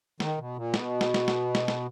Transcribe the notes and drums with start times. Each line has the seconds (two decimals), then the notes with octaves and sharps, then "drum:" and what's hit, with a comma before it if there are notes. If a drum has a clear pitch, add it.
0.20 D#3, drum: snare
0.38 B2
0.57 A#2
0.74 B2, drum: snare
1.01 drum: snare
1.14 drum: snare
1.28 drum: snare
1.55 drum: snare
1.68 drum: snare